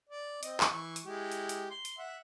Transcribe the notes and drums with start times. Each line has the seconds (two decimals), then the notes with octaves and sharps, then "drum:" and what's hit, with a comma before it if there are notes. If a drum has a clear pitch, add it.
0.09 D5
0.43 C4 D#5, drum: hi-hat
0.60 drum: clap
0.72 E3 C#6
0.96 drum: hi-hat
1.05 G#3 E4 G4
1.32 drum: hi-hat
1.49 drum: hi-hat
1.71 C6
1.85 drum: hi-hat
1.98 E5 F#5